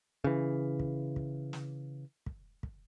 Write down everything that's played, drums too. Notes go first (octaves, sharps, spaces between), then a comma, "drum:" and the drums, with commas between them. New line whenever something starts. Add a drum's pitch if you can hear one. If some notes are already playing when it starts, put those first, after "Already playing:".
C#3 E3
drum: kick
drum: kick
drum: snare
drum: kick
drum: kick